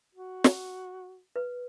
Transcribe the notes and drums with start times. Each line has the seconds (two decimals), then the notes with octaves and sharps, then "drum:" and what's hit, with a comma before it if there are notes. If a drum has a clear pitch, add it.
0.15 F#4
0.44 drum: snare
1.36 B4